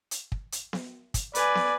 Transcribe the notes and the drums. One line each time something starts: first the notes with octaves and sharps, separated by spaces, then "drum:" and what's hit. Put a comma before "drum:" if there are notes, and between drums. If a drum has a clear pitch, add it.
drum: hi-hat
drum: kick
drum: hi-hat
drum: snare B3
drum: kick, hi-hat
B4 D5 G#5, drum: hi-hat
drum: snare B3